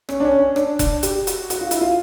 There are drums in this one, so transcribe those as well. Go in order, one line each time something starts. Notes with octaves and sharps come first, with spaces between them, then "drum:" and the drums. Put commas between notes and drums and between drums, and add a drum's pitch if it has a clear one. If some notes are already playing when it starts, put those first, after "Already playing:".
C#4, drum: rim click
D4
C#4
C#4
D4, drum: rim click
D4, drum: kick F1, hi-hat
G4, drum: hi-hat
F#4, drum: hi-hat
F#4, drum: hi-hat
F4
E4, drum: hi-hat
F4